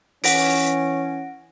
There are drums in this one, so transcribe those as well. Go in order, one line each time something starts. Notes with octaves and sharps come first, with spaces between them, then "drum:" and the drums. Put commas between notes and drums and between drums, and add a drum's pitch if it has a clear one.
E3 C#4 F#5 A#6 D7, drum: open hi-hat